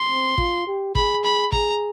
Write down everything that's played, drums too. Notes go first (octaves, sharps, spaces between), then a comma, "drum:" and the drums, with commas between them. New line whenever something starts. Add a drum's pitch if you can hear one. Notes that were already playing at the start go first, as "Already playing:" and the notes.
Already playing: C6
C4
F4, drum: kick
G4
G#4 B5, drum: kick
B5
G#4 A#5, drum: kick